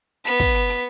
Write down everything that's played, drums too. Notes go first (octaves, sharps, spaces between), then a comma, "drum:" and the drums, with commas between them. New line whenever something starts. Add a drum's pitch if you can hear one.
B3 B6, drum: hi-hat
drum: kick, open hi-hat
drum: hi-hat
drum: hi-hat